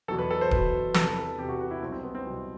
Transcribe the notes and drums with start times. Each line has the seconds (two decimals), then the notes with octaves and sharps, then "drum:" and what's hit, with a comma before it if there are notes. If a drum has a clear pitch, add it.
0.08 E2 B2 F#3 A4
0.18 B4
0.31 A4
0.41 C5
0.51 E2 B2 F#3 B4, drum: kick D1
0.94 E2 C3 E3 A4, drum: snare
1.08 B4
1.19 A4
1.38 E2 C3 E3 G4
1.49 F#4
1.61 F#4
1.71 E4
1.82 C2 B2 F#3 C4
1.92 C4
2.03 B3
2.15 C4
2.26 C2 B2 F#3